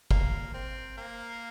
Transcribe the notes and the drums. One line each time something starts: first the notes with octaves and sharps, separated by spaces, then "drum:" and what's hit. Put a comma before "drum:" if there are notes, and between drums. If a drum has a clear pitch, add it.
A#3, drum: kick
C4
A#3